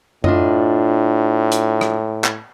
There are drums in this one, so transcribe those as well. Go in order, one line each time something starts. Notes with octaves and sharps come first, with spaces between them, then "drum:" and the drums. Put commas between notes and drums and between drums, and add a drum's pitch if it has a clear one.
A2 D4 F4 D#5, drum: tom F#2
drum: hi-hat
drum: rim click
drum: clap